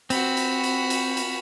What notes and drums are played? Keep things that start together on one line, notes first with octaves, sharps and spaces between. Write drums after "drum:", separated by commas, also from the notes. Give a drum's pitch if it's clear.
C4 F#4 B5, drum: cymbal
drum: cymbal
drum: cymbal
drum: cymbal
drum: cymbal